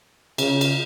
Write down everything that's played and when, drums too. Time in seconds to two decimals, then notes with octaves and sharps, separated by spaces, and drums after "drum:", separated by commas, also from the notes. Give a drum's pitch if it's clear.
0.38 C#3, drum: cymbal
0.61 drum: cymbal